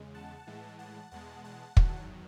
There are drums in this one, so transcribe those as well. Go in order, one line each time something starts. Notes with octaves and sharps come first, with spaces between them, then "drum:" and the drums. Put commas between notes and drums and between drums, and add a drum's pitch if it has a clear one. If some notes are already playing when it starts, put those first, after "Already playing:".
Already playing: E2 C#3 G#3
F#5 A5
A2 E3 G#3
F#5 A5
E2 B2 G#3 F#5 A5
F#5 A5
E2 D#3 F#3, drum: kick